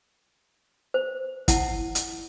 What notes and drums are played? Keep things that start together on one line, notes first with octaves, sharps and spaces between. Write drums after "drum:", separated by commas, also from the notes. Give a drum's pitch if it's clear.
C5
E4 F#5 A5, drum: kick, hi-hat
drum: hi-hat